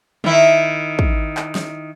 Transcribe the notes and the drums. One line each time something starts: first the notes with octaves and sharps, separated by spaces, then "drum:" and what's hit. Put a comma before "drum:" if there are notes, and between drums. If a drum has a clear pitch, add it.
D#3 E4, drum: tom
drum: kick
drum: clap
drum: snare